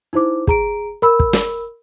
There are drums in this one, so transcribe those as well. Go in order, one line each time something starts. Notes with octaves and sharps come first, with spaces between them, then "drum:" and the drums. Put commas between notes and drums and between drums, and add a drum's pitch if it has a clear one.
D#4 E4 C5 D6
G#4 A#5 D7, drum: kick
A#4 B5 E6
drum: kick
drum: snare